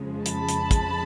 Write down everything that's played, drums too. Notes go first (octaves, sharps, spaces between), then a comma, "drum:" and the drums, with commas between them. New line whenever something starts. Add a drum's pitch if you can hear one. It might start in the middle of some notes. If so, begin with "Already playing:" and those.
Already playing: F2 C#3 F3 G#3
A5 B5, drum: hi-hat
drum: hi-hat
drum: kick, hi-hat